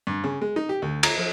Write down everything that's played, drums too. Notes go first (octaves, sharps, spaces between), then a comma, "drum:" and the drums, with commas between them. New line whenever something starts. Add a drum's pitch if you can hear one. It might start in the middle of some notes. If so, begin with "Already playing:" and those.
G2
C#3
G#3
D#4
G4
D2
A#5, drum: cymbal
F3